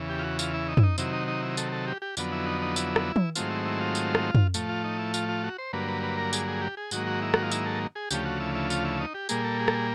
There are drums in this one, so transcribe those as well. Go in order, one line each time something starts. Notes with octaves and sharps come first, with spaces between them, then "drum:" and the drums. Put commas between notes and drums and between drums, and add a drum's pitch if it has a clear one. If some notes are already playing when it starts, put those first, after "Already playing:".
Already playing: E2 C#3 E3
G4
F4
F#4
F4, drum: tambourine
E4
D#4
E4, drum: tom
D#4
C3 D#3 F#3 E4, drum: tambourine
D#4
D#4
E4
A4, drum: tambourine
A4
G4
G4
F2 D3 F#3 B3, drum: tambourine
E4
D#4
D#4
E4, drum: tambourine
drum: rim click
drum: tom
G#2 D#3 F#3 A3 C4 F4, drum: tambourine
E4
E4
F4
drum: tambourine
drum: rim click
drum: tom
A2 F3 A3, drum: tambourine
F4
D#4
E4
F4, drum: tambourine
F4
F#4
C5
G2 D3 F#3 A#3 B4
B4
B4
A#4
G#4, drum: tambourine
G#4
G4
G#4
G#2 D#3 F#3 A#3 F#4, drum: tambourine
F#4
E4
F#4, drum: rim click
F4
E4, drum: tambourine
A4
G#4
D2 C#3 F3 A3 G4, drum: tambourine
F#4
E4
E4
F4, drum: tambourine
E4
D#4
G4
A#2 G3 A#3 G#4, drum: tambourine
A4
G#4
A4, drum: rim click
G#4